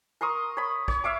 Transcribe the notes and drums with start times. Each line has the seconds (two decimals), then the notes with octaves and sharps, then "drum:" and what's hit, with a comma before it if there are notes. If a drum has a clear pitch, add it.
0.21 A#4 C6 C#6 D#6
0.57 C#5 B5
0.88 C#5, drum: kick
1.04 E5 F5 D6